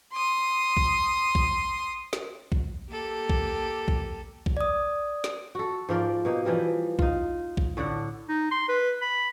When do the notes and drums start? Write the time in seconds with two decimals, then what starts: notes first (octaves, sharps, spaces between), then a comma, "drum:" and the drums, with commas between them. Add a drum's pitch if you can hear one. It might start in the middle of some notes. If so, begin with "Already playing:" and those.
0.13 C6 D#6
0.77 drum: kick A#1
1.35 drum: kick A#1
2.13 drum: snare
2.52 drum: kick A#1
2.90 A#3 G4 A4
3.30 drum: kick A#1
3.88 drum: kick A#1
4.46 drum: kick A#1
4.57 D5 D#6
5.24 drum: snare
5.55 F#4 A4
5.89 G#2 F3 A#4 D5
6.25 B2 A#3 D#4 G4
6.45 E3 F3 G3 A#4
6.99 D#4 F4, drum: kick A#1
7.57 drum: kick A#1
7.77 A2 D3 D4 F#5
8.29 D#4
8.51 C6
8.69 B4
9.02 B5